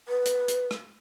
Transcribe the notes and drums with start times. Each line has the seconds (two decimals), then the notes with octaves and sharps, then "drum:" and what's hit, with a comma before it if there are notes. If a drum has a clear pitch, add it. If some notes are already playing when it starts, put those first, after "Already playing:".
0.08 B4
0.26 drum: hi-hat
0.48 drum: hi-hat
0.71 drum: rim click